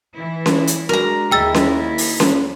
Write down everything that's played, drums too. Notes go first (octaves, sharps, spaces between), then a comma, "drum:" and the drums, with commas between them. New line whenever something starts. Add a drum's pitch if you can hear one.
E3 E4
drum: snare C#4
drum: hi-hat
G#3 D4 F#4 A#4 A#5
D#2 E4 G#4 D#5 G5 E6 A6
drum: snare C#4
drum: open hi-hat
drum: snare C#4